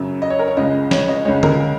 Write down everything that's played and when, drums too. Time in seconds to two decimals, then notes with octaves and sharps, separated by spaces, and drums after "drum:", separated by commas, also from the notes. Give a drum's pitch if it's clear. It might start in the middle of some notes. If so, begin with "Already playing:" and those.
Already playing: F#2 C#3 F#3
0.22 D#5
0.30 C#5
0.39 A#4
0.48 C#5
0.57 C#2 C#3 G#3 D#5
0.91 C#5, drum: snare
1.08 D#5
1.25 C#2 C#3 G#3 C#5
1.43 A#4, drum: tom D3